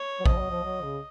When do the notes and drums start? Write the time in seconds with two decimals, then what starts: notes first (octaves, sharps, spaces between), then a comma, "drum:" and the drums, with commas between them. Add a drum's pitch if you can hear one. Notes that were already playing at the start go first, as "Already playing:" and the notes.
Already playing: C#5
0.20 F#3
0.26 F3 D#5, drum: kick A1
0.39 F#3
0.51 F3
0.64 F#3
0.83 C#3